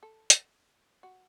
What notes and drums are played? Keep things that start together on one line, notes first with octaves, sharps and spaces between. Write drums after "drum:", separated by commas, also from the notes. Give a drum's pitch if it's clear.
A4
drum: hi-hat
F#4